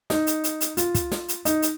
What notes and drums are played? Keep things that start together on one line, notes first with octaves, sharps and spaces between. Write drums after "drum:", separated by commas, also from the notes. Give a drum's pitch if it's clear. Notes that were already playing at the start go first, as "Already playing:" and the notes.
D#4, drum: snare
drum: hi-hat
drum: hi-hat
drum: hi-hat
F4, drum: hi-hat
drum: kick, hi-hat
drum: snare
drum: hi-hat
D#4, drum: hi-hat
drum: hi-hat